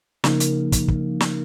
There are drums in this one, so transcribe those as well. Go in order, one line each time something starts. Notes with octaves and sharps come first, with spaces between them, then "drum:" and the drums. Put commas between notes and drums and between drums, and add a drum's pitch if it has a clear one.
C#3 F3 A#3 D#4 A#4, drum: snare
drum: hi-hat
drum: kick, hi-hat
drum: kick
drum: snare